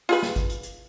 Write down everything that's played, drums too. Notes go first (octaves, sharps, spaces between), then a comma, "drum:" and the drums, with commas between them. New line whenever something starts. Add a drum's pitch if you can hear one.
F4 G#4 B4, drum: open hi-hat
drum: snare
drum: kick G#1, hi-hat
drum: hi-hat
drum: hi-hat